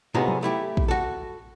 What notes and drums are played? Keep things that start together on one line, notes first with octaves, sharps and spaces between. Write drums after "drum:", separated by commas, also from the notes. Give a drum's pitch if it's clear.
A2 C3 B3 D#4 F4 G#4
drum: tom F3
A3 E4 G4
drum: kick
F#4 A4